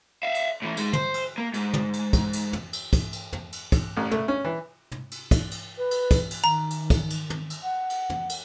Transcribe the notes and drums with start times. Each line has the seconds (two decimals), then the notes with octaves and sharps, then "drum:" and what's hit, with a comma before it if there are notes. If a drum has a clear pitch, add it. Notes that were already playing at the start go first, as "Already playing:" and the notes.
0.23 E5 F5
0.34 drum: cymbal
0.62 A2 E3
0.77 G#2 G#3, drum: cymbal
0.93 C5, drum: tom
1.14 drum: cymbal
1.38 A#3
1.54 G#2, drum: cymbal
1.73 drum: tom
1.93 drum: cymbal
2.13 drum: kick, cymbal
2.33 drum: cymbal
2.53 drum: tom
2.73 drum: cymbal
2.93 drum: kick, cymbal
3.13 drum: cymbal
3.32 drum: tom
3.52 drum: cymbal
3.72 drum: kick, cymbal
3.97 A1
4.11 A3, drum: tom
4.28 C#4
4.45 E3
4.92 drum: tom
5.11 drum: cymbal
5.31 drum: kick, cymbal
5.51 drum: cymbal
5.78 B4
5.91 drum: cymbal
6.11 drum: kick, cymbal
6.31 drum: cymbal
6.44 D#3 A#5
6.70 drum: cymbal
6.90 drum: kick, cymbal
7.10 drum: cymbal
7.30 drum: tom
7.50 drum: cymbal
7.63 F#5
7.90 drum: cymbal
8.10 drum: tom
8.29 drum: cymbal